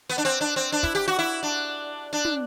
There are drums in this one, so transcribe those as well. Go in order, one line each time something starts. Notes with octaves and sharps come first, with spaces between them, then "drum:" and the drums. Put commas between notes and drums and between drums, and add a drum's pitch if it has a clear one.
B3
D4
C4
D4
C4
D4
E4, drum: kick
G4
F#4
E4
D4
D4
drum: tom